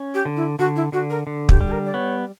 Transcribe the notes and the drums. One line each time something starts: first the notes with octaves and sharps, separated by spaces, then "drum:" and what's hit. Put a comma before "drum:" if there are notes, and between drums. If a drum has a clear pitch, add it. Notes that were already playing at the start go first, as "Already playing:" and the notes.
Already playing: C#4
G4
D3
E4
D3 F#4
E4
D3 F#4
A#4
D3
G4, drum: kick
G3
G4
A#4
D5
B3 C#5